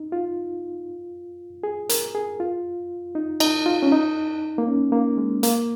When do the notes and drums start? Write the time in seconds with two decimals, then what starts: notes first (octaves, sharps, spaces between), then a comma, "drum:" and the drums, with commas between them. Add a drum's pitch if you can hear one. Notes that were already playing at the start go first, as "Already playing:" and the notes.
Already playing: D#4
0.12 F4
1.63 G#4
1.89 A#4, drum: hi-hat
2.15 G#4
2.40 F4
3.15 D#4
3.40 D#4, drum: cymbal
3.66 F4
3.83 C#4
3.92 D#4
4.58 A#3
4.67 C#4
4.92 A#3
5.18 G#3
5.43 A#3, drum: hi-hat